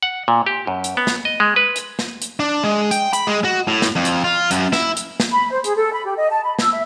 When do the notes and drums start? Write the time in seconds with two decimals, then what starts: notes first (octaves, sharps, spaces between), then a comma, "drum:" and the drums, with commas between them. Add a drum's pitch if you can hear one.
0.03 F#5
0.28 A#2
0.46 G4
0.67 F#2
0.84 drum: hi-hat
0.97 B3
1.07 drum: snare
1.25 D#5
1.40 G#3
1.56 B4
1.76 drum: hi-hat
1.99 drum: snare
2.22 drum: hi-hat
2.40 D4
2.63 G#3
2.91 G5, drum: hi-hat
3.13 B5, drum: hi-hat
3.27 G#3
3.44 F#4
3.67 A2
3.82 drum: snare
3.96 F2
4.05 drum: hi-hat
4.24 F4
4.51 F#2, drum: hi-hat
4.73 E4, drum: snare
4.97 drum: hi-hat
5.20 drum: snare
5.32 B5
5.51 C5
5.64 G#4, drum: hi-hat
5.76 A4
5.92 B5
6.05 G4
6.18 D#5
6.30 A5
6.44 B5
6.59 E6, drum: snare
6.72 E5